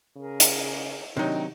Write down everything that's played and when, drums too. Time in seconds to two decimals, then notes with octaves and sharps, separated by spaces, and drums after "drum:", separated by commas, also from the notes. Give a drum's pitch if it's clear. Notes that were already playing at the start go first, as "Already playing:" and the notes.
0.17 C#3 G#4 A#4
0.40 drum: hi-hat
1.17 C3 D#3 F#3 D4 D#4 D#5 G5